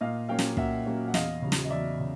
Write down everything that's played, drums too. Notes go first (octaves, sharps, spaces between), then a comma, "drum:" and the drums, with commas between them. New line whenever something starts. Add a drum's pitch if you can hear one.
A#2 D#5 F5
F#3 A#3 C#4 F5 G5
drum: snare
A#2 E5 F#5, drum: kick
F#3 A#3 C#4
F#5
E2 D#5 F5, drum: snare
C#3 F#3
drum: snare
D#5
E2 D5 E5
C#3